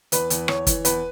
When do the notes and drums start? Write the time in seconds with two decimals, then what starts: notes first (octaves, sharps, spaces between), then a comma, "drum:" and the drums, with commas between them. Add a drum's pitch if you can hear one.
0.12 E2 B4, drum: hi-hat
0.30 E2, drum: hi-hat
0.48 E2 C#5, drum: rim click
0.67 E3, drum: kick, hi-hat
0.85 E2 B4, drum: hi-hat